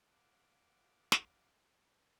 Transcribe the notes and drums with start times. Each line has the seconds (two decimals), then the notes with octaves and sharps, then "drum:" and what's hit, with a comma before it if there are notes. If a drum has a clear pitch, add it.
0.11 F5 F#5 D6
1.12 drum: snare